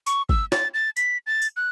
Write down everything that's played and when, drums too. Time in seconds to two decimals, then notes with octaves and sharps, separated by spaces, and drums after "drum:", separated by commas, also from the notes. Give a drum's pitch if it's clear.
0.07 C#6, drum: tambourine
0.29 E6, drum: kick
0.52 A6, drum: snare
0.74 A6
0.97 B6, drum: tambourine
1.27 A6
1.42 drum: tambourine
1.57 F#6